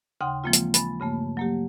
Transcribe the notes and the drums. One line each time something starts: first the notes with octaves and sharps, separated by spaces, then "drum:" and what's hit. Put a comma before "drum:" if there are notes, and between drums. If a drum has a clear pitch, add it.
D#2 C#3 F#5 G5 C6 D#6
E3 F3 G#3 A#3 C4 F4
drum: hi-hat
G#5 B5 A6, drum: hi-hat
G2 C#3 A3 A#3
F#3 A#3 G4